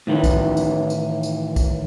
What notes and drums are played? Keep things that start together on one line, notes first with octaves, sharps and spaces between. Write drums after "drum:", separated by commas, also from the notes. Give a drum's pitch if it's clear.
A2 D#3 E3
drum: kick, tambourine
drum: tambourine
drum: tambourine
drum: tambourine
drum: kick, tambourine